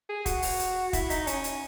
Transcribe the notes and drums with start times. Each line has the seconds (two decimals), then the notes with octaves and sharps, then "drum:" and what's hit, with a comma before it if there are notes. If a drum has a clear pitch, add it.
0.09 G#4
0.26 F#4, drum: kick, hi-hat
0.42 drum: open hi-hat
0.59 drum: hi-hat
0.93 E4, drum: kick, hi-hat
1.10 D#4, drum: hi-hat
1.27 C#4, drum: hi-hat
1.44 drum: hi-hat